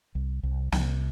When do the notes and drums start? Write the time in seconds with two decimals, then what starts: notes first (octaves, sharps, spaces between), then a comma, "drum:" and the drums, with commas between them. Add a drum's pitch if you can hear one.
0.15 C2
0.43 C2
0.72 C2, drum: snare